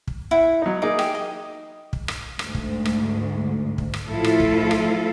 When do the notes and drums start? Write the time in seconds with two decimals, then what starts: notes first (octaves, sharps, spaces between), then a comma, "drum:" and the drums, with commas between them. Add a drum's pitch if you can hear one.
0.07 drum: kick
0.31 E4 F#5
0.62 F#3 D#4
0.82 A#3 D#4 G#4 D6
0.99 G4, drum: rim click
1.15 D#5
1.93 drum: kick
2.08 drum: rim click
2.39 D2 G#2, drum: rim click
2.55 drum: kick
2.85 drum: rim click
3.78 drum: kick
3.94 drum: rim click
4.09 A2 F3 E4 F4 A4
4.24 drum: rim click
4.40 drum: kick
4.71 drum: rim click